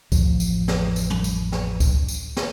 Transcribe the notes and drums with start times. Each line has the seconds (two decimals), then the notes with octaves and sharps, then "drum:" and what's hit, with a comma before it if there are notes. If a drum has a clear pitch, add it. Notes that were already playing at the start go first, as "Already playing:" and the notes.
0.12 A1 F2 F3, drum: kick C#2, tambourine
0.40 drum: tambourine
0.68 drum: snare
0.96 drum: tambourine
1.10 drum: tom
1.24 drum: tambourine
1.52 drum: snare
1.80 drum: kick C#2, tambourine
2.08 drum: tambourine
2.37 drum: snare